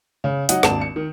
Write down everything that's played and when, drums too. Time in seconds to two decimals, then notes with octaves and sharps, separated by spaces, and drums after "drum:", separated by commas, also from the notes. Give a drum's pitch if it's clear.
0.24 C#3
0.49 F#3 D#4 F#4 D#5 F#5, drum: hi-hat
0.63 G#1 D#2 D4 A5 E7, drum: snare
0.81 C#7
0.96 D#3